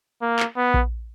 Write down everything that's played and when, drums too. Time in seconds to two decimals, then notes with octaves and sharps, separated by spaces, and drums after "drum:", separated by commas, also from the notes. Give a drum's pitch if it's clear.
0.22 A#3
0.39 drum: clap
0.57 B3
0.74 drum: kick A#1